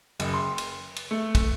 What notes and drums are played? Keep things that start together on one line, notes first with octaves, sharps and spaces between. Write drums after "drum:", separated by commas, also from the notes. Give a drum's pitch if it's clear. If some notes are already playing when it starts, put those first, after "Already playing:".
F#1, drum: cymbal
C6
drum: cymbal
drum: cymbal
A3
drum: kick, cymbal